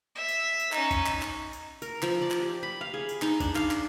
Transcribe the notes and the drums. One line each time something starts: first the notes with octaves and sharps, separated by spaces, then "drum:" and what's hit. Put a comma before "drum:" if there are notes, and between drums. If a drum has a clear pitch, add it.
E5
drum: tambourine
drum: tambourine
C#4 D#4, drum: clap
drum: kick, tambourine
drum: clap
drum: clap
drum: tambourine
A#4, drum: tambourine
F3, drum: clap
D5
drum: clap
G4
B5
F5
G#4
drum: tambourine
D#4, drum: clap
D4, drum: kick, tambourine
F5, drum: clap
drum: clap